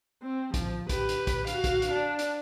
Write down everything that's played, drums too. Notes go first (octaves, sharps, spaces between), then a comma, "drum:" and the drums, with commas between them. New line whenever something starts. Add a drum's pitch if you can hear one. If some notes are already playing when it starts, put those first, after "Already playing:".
C4
F3, drum: kick, hi-hat
G4 B4, drum: kick, hi-hat
drum: hi-hat
drum: kick, hi-hat
F#4 F5, drum: hi-hat
drum: kick, hi-hat
drum: hi-hat
D4
drum: hi-hat